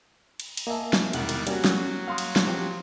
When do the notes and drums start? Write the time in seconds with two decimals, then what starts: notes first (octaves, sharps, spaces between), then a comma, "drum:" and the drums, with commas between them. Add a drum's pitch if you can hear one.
0.40 drum: cymbal
0.57 drum: cymbal
0.67 A#3 D#5 E5 G#5 A5
0.93 drum: snare
1.13 E1 C2 D#3 G3 F#5 F#6, drum: cymbal
1.29 drum: cymbal
1.47 F#3 G3 A#3 C#4 F#4, drum: cymbal
1.65 drum: snare
2.08 F5 C6 D#6
2.18 drum: cymbal
2.36 drum: snare
2.47 F3 G4